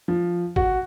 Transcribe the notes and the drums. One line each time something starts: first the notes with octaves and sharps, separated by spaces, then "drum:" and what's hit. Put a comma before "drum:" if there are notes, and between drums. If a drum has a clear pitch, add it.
F3
F#4, drum: kick G#1